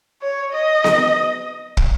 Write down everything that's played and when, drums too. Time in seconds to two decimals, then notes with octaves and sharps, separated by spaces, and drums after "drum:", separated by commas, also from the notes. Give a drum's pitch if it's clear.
0.22 C#5
0.53 D#5
0.84 drum: snare B3
1.77 drum: kick